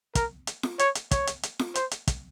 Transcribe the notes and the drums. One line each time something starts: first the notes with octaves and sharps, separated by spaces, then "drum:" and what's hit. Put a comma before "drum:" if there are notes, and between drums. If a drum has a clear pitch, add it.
A#4, drum: kick, hi-hat
drum: hi-hat
drum: snare F4
C#5, drum: hi-hat
drum: hi-hat
C#5, drum: kick, hi-hat
drum: hi-hat
drum: hi-hat
drum: snare F4
C5, drum: hi-hat
drum: hi-hat
drum: kick, hi-hat